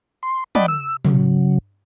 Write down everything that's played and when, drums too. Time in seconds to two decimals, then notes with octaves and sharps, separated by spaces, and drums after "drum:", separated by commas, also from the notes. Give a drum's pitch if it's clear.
0.23 C6
0.55 D5 D#5 F#5 G5 A5 B5, drum: tom
0.68 E6
1.05 C#3 F#3, drum: tom